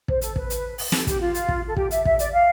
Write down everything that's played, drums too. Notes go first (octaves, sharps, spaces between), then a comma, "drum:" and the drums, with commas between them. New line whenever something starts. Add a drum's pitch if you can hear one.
C5, drum: kick
A4, drum: hi-hat
B4, drum: kick
drum: hi-hat
drum: open hi-hat
A4, drum: snare
G4, drum: kick, hi-hat
F4
drum: hi-hat
drum: kick
A4
G4, drum: kick
E5, drum: hi-hat
E5, drum: kick
D5, drum: hi-hat
F5